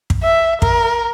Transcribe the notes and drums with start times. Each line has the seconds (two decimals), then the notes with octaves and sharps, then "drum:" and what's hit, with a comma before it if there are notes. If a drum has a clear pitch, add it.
0.10 drum: kick
0.23 E5
0.62 A#4, drum: kick